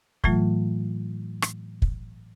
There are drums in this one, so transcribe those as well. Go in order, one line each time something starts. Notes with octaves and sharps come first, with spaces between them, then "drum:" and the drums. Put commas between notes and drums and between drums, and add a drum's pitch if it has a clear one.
A2 E3 F#3 A3 F4, drum: kick
drum: rim click
drum: kick